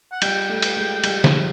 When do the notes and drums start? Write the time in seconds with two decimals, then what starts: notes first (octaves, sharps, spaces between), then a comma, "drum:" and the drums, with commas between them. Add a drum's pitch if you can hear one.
0.12 F#5
0.22 G3 G5, drum: cymbal
0.49 A3
0.62 drum: cymbal
0.77 G#3
1.04 G3, drum: cymbal
1.24 F3, drum: snare